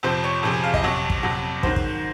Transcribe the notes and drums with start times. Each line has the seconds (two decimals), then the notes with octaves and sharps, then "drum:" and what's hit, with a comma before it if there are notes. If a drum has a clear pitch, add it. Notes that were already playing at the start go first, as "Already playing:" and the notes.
0.03 F2 C3 F3 C5
0.24 C#5
0.43 F2 C3 F3 G#4
0.54 G#4
0.64 F5
0.74 D#5, drum: kick
0.83 F2 C3 F#3 C#5
1.10 drum: kick
1.23 F2 C3 F#3
1.63 G#2 D#3 F#3 C5, drum: kick
1.76 drum: kick